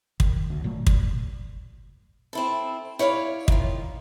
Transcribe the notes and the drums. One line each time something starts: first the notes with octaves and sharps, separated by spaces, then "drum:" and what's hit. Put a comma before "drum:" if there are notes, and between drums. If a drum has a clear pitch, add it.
D#3, drum: kick
D2
A#2 F#3 A3
A#2, drum: kick
C4 E4 A4
E4 C#5 D5 F5
D#3 F4, drum: kick